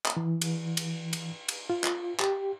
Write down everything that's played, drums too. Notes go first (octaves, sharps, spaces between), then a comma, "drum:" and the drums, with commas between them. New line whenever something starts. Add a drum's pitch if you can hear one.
drum: clap
E3
drum: cymbal
drum: cymbal
drum: cymbal
drum: cymbal
F4
drum: clap
G4, drum: clap